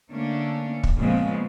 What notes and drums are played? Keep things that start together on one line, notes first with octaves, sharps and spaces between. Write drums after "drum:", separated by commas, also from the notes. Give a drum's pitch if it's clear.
D3 A3 A#3 C#4 D4
drum: kick
A#2 C#3 F3 G#3 B3 C4